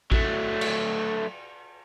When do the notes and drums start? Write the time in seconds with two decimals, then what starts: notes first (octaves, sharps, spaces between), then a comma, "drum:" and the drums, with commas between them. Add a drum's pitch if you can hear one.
0.12 F#3 A3, drum: kick A1
0.61 drum: cymbal